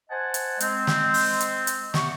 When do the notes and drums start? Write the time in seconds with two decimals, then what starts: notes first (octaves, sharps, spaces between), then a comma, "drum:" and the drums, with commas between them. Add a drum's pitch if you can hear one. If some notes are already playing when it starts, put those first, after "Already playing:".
0.10 C5 D#5 F#5 G#5 A5
0.34 drum: hi-hat
0.60 G#3 C4, drum: hi-hat
0.87 drum: snare
1.14 drum: open hi-hat
1.41 drum: hi-hat
1.67 drum: hi-hat
1.94 C3 B3 C#6, drum: snare